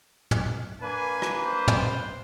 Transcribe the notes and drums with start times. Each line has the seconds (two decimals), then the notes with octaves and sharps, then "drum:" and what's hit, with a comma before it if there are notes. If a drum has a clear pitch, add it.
0.31 drum: tom
0.81 A#3 D4 B4 G#5
1.22 drum: rim click
1.45 C5
1.68 drum: tom